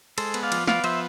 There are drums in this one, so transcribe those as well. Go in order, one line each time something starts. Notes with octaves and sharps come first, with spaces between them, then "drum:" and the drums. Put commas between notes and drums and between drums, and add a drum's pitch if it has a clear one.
G#3 A4 C5, drum: cymbal
B3, drum: cymbal
D5 F5
F3, drum: cymbal
B3 D5 F5, drum: snare
F3 C5 E5, drum: cymbal